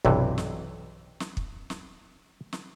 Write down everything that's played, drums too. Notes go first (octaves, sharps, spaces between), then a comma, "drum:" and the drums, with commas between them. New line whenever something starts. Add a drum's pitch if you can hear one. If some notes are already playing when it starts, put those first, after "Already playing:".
B1 G2 C3 E3, drum: kick
drum: snare
drum: snare
drum: kick
drum: snare
drum: snare